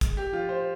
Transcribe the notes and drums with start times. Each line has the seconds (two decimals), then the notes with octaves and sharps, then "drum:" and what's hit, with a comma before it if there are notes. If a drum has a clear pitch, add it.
0.01 G#3, drum: kick, hi-hat
0.17 G4
0.33 F3 F4
0.49 C5